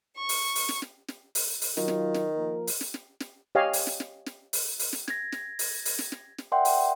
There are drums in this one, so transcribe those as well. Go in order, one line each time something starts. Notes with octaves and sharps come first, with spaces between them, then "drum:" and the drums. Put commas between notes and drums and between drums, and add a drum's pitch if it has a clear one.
C#6
drum: open hi-hat
drum: open hi-hat
drum: snare
drum: snare
drum: snare
drum: open hi-hat
drum: open hi-hat
D#3 F#3 F4, drum: snare
drum: snare
drum: snare
F3 A#3 A#4
drum: open hi-hat
drum: snare
drum: snare
drum: snare
G4 C#5 D#5 F5 G#5
drum: open hi-hat
drum: snare
drum: snare
drum: snare
drum: open hi-hat
drum: open hi-hat
drum: snare
G#6 A#6, drum: snare
drum: snare
drum: open hi-hat
drum: open hi-hat
drum: snare
drum: snare
drum: snare
A#4 D5 E5 F#5 G5 C6
drum: open hi-hat